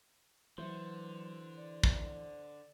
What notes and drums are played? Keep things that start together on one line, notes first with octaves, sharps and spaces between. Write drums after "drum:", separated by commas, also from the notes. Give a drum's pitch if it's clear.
D3 E3 F#3 C5
D5
drum: kick